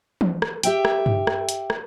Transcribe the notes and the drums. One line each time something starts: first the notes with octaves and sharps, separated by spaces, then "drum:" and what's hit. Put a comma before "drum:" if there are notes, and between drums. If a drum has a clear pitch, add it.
drum: tom E3
drum: rim click
G4 E5 G5, drum: hi-hat
drum: rim click
drum: tom G2
drum: rim click
drum: hi-hat
drum: rim click